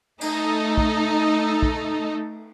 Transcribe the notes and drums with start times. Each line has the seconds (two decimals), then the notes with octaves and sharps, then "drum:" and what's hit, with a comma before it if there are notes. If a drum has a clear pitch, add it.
0.21 A3 D#4 A4, drum: cymbal
0.78 drum: kick
1.63 drum: kick